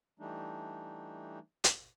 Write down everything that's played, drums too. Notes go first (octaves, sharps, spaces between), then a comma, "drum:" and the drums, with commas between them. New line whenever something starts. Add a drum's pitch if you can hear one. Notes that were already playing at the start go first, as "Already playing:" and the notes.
E3 G3 A3 D4 D#4
drum: hi-hat